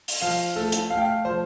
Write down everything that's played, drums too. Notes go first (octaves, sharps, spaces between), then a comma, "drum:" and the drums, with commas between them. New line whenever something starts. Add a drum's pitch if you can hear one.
drum: open hi-hat
F3 F5
A3 A4
drum: hi-hat
A3 F5
G5
F5
F3 C5